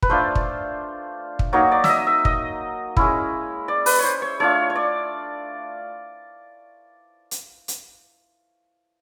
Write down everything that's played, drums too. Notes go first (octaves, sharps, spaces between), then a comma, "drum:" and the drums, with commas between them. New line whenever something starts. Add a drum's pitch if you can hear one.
B4, drum: kick
A3 D4 F4 C5
drum: kick
drum: kick
F#3 A#3 D#4 C#5
D5
E5, drum: snare
D#5
E5
D#5, drum: kick
G#3 C#4 E4, drum: kick
D5
B4, drum: open hi-hat
C#5
C5
C#5
A3 D4 F4 C#5
C#5
D5
drum: hi-hat
drum: hi-hat